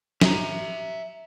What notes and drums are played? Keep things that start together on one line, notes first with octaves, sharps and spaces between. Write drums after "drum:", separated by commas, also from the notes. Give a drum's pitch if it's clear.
E5 A#5, drum: snare